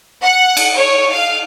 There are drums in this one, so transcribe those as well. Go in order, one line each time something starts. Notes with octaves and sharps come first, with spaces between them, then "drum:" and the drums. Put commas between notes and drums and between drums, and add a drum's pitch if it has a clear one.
F#5
drum: cymbal
C#5
F5